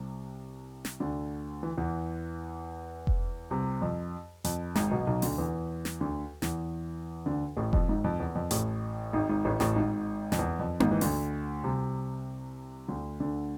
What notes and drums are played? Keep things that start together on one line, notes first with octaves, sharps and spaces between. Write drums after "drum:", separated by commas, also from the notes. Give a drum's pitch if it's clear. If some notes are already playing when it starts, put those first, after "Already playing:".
Already playing: C2 C3
drum: snare
D2 D3
E3
E2 E3
drum: kick F1
C2 C3
F2
F2, drum: hi-hat
G#1 G#2, drum: snare
B1 B2
B1 B2
D2 D3, drum: open hi-hat
E2 E3
drum: snare
D2 D3
E2 E3, drum: snare
D2 D3
A1 A2
F2, drum: kick F1
G#1 G#2
F2
E2
F2
A1 A2, drum: hi-hat
G#1 G#2
G#1 G#2
A1 A2
A1 A2, drum: snare
G#1 G#2
F2, drum: snare
E2
F2
G#1 G#2, drum: tom A#3
E3
D2 D3, drum: open hi-hat
C2 C3
D2 D3
D2 D3